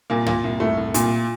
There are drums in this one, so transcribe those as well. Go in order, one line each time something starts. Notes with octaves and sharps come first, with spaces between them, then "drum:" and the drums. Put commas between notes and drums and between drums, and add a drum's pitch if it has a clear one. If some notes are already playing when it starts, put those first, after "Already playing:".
C2 A#2 A#3
A#2 A#3, drum: tom
C2
C2 A2 A3
C2
C2 A#2 A#3, drum: hi-hat